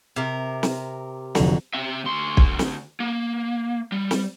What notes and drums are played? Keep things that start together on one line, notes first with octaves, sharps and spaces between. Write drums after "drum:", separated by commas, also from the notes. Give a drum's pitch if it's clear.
C3 A#4
drum: snare
F1 F2 D3 F#3 F7, drum: snare
C4 E5
D2 C6
drum: kick
drum: snare
A#3
G3
drum: snare